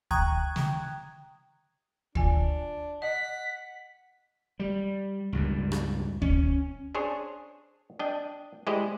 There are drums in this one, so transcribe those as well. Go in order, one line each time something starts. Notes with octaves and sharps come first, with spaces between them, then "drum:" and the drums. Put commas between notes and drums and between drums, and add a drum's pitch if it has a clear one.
G5 A#5 C#6 D#6 F#6 G#6, drum: kick D2
drum: snare
D4 F4 G#5, drum: kick D2
D#5 F#5 B6
G3
C#2 G2 A#2
drum: rim click
C#4, drum: kick D2
D4 G#4 C5 C#5
D4 D#5 G5
G#3 E4 G4 C5 D5 D#5